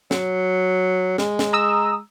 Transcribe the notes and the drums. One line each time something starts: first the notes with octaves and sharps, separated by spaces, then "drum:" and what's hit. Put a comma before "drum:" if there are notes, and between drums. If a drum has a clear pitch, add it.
F#3, drum: snare
G#3, drum: snare
drum: snare
A#5 D#6 E6